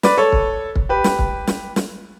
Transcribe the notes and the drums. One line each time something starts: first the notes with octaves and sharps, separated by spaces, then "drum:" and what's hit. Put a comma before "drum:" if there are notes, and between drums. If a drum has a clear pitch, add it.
B4 D5, drum: snare
A4 C#5
drum: kick
drum: kick
G4 B4
drum: snare
drum: kick
drum: snare
drum: snare